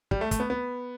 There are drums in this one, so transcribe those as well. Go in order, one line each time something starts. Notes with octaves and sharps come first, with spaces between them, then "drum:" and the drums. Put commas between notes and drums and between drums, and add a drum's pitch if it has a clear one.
G3, drum: kick
A3
A3, drum: kick, hi-hat
B3
B3